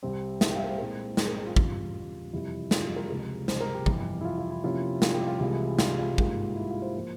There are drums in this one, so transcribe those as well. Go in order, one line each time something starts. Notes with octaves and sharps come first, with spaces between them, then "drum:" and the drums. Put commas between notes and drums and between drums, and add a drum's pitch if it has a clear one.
C2 C3 G3 C4 C5
E5, drum: snare
G5
F5
E5
A#4
C5
A#2 G#3 C4 E4 A#4
G#4, drum: snare
A#4
G#4
F4
E2 C#3 G3, drum: kick
F2 C3 E3 G3 E4
F4, drum: snare
G#4
A#4
G#4
C#2 C3 F3 G#3 A#4
C5, drum: snare
A#4
G4
F2 C3 E3 G3, drum: kick
E4
F4
F4
E4
C3 F3 A#3 C#4 E4 F4
F4, drum: snare
G4
F4
C2 C3 E3 G#3 E4 F4
F4, drum: snare
F4
G#2 G3 A#3, drum: kick
E4
F4
C5
F3 A#3